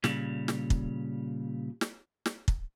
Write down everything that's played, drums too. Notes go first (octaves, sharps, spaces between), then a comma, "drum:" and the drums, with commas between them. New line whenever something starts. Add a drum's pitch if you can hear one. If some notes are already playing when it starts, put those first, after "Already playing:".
A#2 C#3 G3, drum: snare
drum: snare
drum: kick
drum: snare
drum: snare
drum: kick